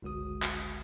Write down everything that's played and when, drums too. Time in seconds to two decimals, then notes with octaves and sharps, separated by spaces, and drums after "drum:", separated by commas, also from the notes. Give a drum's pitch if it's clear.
0.02 G1 C#2 G#3 F#4 D#6
0.42 drum: clap